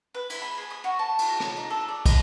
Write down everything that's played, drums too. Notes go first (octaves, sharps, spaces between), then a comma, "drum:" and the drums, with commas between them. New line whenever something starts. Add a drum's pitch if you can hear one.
B4
E4, drum: cymbal
B5
G#4
D#6
F#4
A5
drum: cymbal
A#5
drum: rim click
D#4
A4
D5
D#4, drum: kick, cymbal